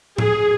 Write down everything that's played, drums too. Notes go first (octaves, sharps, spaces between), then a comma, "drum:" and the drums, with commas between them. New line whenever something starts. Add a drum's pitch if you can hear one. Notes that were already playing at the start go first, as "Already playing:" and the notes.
G#4, drum: tom A2